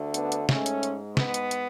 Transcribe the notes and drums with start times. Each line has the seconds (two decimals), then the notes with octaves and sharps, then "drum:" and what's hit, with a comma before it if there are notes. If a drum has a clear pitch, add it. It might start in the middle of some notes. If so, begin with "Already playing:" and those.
Already playing: D2 D3 A3
0.14 B3 D4, drum: hi-hat
0.32 drum: hi-hat
0.49 G#2 G#3 A3 C#4, drum: snare
0.66 drum: hi-hat
0.83 drum: hi-hat
1.17 B3, drum: snare
1.34 drum: hi-hat
1.51 drum: hi-hat